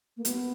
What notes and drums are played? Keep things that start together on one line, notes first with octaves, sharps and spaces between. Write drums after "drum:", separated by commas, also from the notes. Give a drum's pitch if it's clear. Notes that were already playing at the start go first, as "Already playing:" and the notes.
A#3
B3, drum: hi-hat